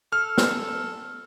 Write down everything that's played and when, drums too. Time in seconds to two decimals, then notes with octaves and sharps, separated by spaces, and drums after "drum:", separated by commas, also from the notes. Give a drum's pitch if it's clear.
0.13 A4 F6
0.38 drum: snare